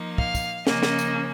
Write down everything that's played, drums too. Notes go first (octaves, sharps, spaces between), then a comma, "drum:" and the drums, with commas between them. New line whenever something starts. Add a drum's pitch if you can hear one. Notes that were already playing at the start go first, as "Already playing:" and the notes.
Already playing: F3 A#3 D#4
F5, drum: kick
drum: kick, tambourine
C#3 F3 A#3 C#4 D#5, drum: snare
drum: snare
drum: tambourine